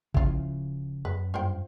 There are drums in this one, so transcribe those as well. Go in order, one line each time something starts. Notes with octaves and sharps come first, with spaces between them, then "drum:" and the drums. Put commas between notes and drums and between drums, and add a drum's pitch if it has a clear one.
D1 C#3 F3 E4 F4, drum: kick
F#2 B4
G2 F4 C5 G5